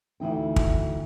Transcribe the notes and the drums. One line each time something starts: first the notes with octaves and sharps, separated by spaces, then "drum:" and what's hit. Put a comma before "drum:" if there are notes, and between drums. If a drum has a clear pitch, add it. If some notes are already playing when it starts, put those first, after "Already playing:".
D2 E3 D#4 G5
drum: kick